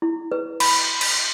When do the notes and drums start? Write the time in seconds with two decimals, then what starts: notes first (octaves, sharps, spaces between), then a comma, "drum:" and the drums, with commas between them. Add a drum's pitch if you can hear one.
0.02 E4
0.32 B4
0.60 B5, drum: cymbal
1.01 drum: cymbal